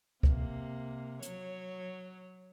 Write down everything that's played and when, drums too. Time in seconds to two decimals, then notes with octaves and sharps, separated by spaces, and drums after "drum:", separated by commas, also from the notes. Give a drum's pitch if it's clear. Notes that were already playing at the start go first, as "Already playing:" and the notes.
0.23 C3 A#3, drum: kick
1.22 F#3 C#5, drum: hi-hat